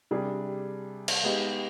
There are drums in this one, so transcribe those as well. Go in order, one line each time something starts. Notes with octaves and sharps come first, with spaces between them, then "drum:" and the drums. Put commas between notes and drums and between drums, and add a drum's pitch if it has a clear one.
C3 G3 D4 G#4
drum: cymbal
G#3 B3 D#4 G4